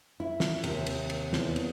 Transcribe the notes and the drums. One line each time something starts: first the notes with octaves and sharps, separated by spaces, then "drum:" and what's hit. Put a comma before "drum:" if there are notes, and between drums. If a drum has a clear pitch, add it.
E4
drum: snare
D#2 C3, drum: cymbal
drum: cymbal
drum: cymbal
E2, drum: snare
drum: cymbal